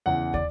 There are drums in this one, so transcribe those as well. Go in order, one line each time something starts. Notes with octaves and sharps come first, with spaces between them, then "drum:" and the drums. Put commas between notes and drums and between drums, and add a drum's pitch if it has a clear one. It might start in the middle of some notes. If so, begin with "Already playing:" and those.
E2 C#3 E3 F#5
D5, drum: kick